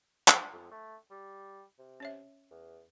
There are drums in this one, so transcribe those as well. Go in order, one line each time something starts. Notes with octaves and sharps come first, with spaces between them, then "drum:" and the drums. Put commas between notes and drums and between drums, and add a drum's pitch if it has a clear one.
drum: clap
F2
A3
G3
C3
C#4 C#5 E5
E2